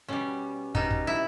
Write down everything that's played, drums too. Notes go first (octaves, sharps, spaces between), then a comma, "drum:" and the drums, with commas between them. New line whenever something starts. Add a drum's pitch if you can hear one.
B2 G3 C#4
B2 G3 D#4, drum: kick
drum: kick
E4